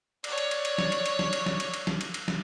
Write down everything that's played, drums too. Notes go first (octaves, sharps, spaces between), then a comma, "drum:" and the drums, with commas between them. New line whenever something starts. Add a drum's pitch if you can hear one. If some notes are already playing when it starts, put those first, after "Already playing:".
C#5 D5, drum: cymbal
drum: cymbal
drum: cymbal
drum: cymbal
drum: snare
drum: cymbal
drum: cymbal
drum: snare
drum: cymbal
drum: snare
drum: cymbal
drum: cymbal
drum: snare
drum: cymbal
drum: cymbal
drum: snare